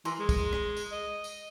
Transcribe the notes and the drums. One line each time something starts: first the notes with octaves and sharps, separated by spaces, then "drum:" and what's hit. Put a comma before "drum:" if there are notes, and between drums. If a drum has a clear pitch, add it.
E3 A#4 A#5 C6, drum: tambourine
G#3
drum: kick, tambourine
drum: rim click
drum: tambourine
D#5
drum: tambourine